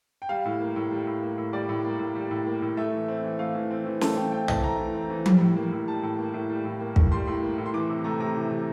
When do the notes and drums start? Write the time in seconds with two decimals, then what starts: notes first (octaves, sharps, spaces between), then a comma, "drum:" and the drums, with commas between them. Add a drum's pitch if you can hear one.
0.22 G5
0.29 G3 F5
0.45 A2
0.60 A#3
0.76 A2
0.91 G3
1.07 A2
1.22 A#3
1.38 A2
1.53 G3 D5
1.69 A2
1.84 A#3
2.00 A2
2.16 G3
2.31 A2
2.47 A#3
2.62 A2
2.77 A3 E5
2.93 E3
3.08 C4
3.24 E3
3.39 A3 F5
3.55 E3
3.70 C4
3.86 E3
4.01 A3 A5, drum: snare
4.17 E3 G5
4.32 C4 G5
4.48 E3 A5, drum: tom
4.63 A3 A#5
4.79 E3
4.94 C4
5.10 E3
5.26 G3, drum: tom F3
5.41 A2
5.56 A#3
5.72 A2
5.87 G3 A5
6.03 A2
6.19 A#3
6.34 A2
6.50 G3
6.65 A2
6.80 A#3
6.96 A2, drum: kick
7.11 G3 C6
7.27 A2
7.43 A#3
7.58 A2
7.66 C6
7.74 E3 D6
7.89 C3
8.04 A3 A#5
8.20 C3 A#5
8.36 E3
8.51 C3